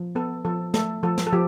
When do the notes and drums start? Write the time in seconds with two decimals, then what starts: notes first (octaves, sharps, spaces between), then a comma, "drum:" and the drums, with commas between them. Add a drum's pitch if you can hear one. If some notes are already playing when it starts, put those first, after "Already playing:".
Already playing: F3
0.15 B3 A4
0.45 F3 A4
0.74 A3 A4, drum: snare
1.03 F3 A4
1.18 drum: snare
1.27 A4
1.32 F3 G4